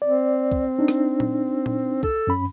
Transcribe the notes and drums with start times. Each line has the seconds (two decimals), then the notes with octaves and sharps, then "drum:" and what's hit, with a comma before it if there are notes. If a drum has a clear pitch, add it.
0.02 C4 D5
0.52 drum: kick
0.79 D4 D#4
0.88 drum: rim click
1.20 drum: tom A#2
1.66 drum: tom A#2
2.03 A4, drum: kick
2.27 F#2 C#4 B5